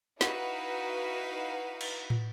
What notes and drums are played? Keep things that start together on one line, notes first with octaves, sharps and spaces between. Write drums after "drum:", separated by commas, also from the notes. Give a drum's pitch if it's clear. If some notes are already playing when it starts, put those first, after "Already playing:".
D#4 E4 F#4 B4 F5, drum: snare
drum: cymbal
drum: tom